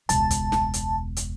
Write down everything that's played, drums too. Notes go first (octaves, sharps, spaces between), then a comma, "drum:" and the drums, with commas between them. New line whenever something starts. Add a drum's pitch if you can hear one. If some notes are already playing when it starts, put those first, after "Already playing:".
E1 C#2 A5, drum: hi-hat
drum: kick, hi-hat
drum: snare
drum: hi-hat
drum: hi-hat